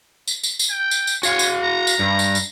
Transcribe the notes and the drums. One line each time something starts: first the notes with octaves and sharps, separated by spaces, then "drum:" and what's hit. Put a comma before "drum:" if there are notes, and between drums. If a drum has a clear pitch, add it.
drum: tambourine
drum: tambourine
drum: tambourine
G5
drum: tambourine
drum: tambourine
F#4 C#5 F5 F#5, drum: tambourine
drum: tambourine
A#5
drum: tambourine
G2
drum: tambourine
drum: tambourine